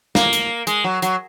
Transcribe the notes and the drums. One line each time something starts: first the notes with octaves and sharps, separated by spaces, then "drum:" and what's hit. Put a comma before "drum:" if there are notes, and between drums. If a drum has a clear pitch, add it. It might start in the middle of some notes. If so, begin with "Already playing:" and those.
A#3, drum: snare
drum: hi-hat
G#3, drum: hi-hat
F#3
F#3, drum: hi-hat